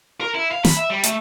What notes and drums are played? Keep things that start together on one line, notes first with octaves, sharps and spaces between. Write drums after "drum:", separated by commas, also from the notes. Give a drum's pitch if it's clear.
A#4
E4
F5
B5, drum: snare
E5
G3
A3, drum: hi-hat